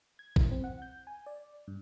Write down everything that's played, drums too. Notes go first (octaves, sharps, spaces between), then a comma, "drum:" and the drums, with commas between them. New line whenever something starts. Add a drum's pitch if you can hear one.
G#6
E4, drum: kick
C4
F#5
G6
G#5
D5
G2